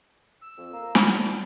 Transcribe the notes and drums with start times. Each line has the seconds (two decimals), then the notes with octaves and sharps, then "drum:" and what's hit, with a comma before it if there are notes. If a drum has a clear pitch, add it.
0.42 E6
0.58 F2
0.73 A#3
0.95 drum: snare
1.05 D4 A4
1.29 G5